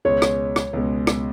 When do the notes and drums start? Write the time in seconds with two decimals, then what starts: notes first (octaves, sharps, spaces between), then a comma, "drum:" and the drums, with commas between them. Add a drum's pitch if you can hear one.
0.05 C#2 B2 G#3 C#5
0.22 drum: rim click
0.56 drum: rim click
0.73 C#2 B2 G#3
1.07 drum: rim click